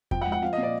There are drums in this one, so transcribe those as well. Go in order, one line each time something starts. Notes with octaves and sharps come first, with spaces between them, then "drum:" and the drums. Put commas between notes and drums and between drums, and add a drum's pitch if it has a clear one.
F3 G5, drum: kick E2
F#5
G#2
F#5
F3 F5
A#2 D#5
D5